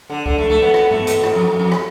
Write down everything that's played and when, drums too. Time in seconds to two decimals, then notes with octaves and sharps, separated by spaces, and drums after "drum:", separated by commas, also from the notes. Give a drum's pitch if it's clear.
0.10 D3
0.26 D3, drum: kick C#2
0.38 A3
0.50 A3
0.62 B3
0.74 B3, drum: rim click
0.91 A3, drum: tom
1.07 B2, drum: hi-hat
1.24 A2, drum: rim click
1.35 F2
1.47 F2
1.60 F2
1.72 drum: rim click